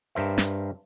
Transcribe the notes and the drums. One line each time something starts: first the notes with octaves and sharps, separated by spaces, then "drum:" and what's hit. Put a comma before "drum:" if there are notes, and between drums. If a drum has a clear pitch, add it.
G2 A#4 C5 E5
drum: snare